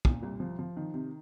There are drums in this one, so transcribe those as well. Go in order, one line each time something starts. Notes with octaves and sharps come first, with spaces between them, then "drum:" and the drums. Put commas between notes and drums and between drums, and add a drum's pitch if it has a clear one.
A#2, drum: kick
C2
F3
F3
D#3
C3